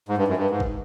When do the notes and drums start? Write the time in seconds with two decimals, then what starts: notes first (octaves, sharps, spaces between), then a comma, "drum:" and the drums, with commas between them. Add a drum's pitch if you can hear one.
0.09 G#2
0.18 G2
0.28 F#2
0.37 G2
0.51 G#2
0.60 drum: kick